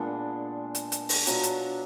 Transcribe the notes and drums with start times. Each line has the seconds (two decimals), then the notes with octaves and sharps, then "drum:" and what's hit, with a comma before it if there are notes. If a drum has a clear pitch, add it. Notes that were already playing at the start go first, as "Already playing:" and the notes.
Already playing: A#2 G#3 B3 D4
0.75 drum: hi-hat
0.92 drum: hi-hat
1.09 drum: open hi-hat
1.27 B2 F#3 D4 F4, drum: hi-hat
1.43 drum: hi-hat